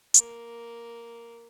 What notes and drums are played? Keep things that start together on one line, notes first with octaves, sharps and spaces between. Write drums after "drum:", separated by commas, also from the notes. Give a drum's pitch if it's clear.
A#3, drum: hi-hat